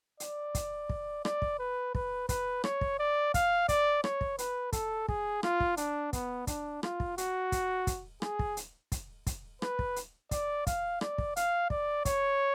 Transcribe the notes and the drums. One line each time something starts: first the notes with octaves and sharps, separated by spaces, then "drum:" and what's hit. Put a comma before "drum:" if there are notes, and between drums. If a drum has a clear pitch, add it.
D5, drum: hi-hat
drum: kick, hi-hat
drum: kick
D5, drum: rim click
drum: kick
B4
B4, drum: kick
B4, drum: kick, hi-hat
C#5, drum: rim click
drum: kick
D5
F5, drum: kick, hi-hat
D5, drum: kick, hi-hat
C#5, drum: rim click
drum: kick
B4, drum: hi-hat
A4, drum: kick, hi-hat
G#4, drum: kick
F4, drum: rim click
drum: kick
D4, drum: hi-hat
B3, drum: kick, hi-hat
D4, drum: kick, hi-hat
F4, drum: rim click
drum: kick
F#4, drum: hi-hat
drum: kick, hi-hat
drum: kick, hi-hat
G#4, drum: rim click
drum: kick
drum: hi-hat
drum: kick, hi-hat
drum: kick, hi-hat
B4, drum: rim click
drum: kick
drum: hi-hat
D5, drum: kick, hi-hat
F5, drum: kick, hi-hat
D5, drum: rim click
drum: kick
F5, drum: hi-hat
D5, drum: kick
C#5, drum: kick, hi-hat